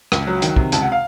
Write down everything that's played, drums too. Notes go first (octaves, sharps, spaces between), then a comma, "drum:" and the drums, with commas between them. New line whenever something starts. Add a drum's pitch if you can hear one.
C#2, drum: rim click
F#3
D#3, drum: hi-hat
C3, drum: kick
C#2 A5, drum: hi-hat
F#5
F5